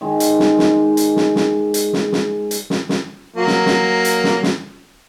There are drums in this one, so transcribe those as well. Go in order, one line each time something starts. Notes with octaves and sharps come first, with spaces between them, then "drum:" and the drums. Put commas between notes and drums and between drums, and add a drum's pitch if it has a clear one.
D#3 G#3
drum: hi-hat
drum: snare
drum: snare
drum: hi-hat
drum: snare
drum: snare
drum: hi-hat
drum: snare
drum: snare
drum: hi-hat
drum: snare
drum: snare
F#3 A#3
drum: snare
drum: snare
drum: hi-hat
drum: snare
drum: snare